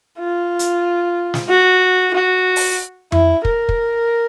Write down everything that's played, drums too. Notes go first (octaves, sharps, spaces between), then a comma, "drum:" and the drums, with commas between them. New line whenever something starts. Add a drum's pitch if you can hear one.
F4
drum: hi-hat
drum: snare
F#4
F#4
drum: open hi-hat
E4, drum: tom F2
A#4, drum: kick
drum: kick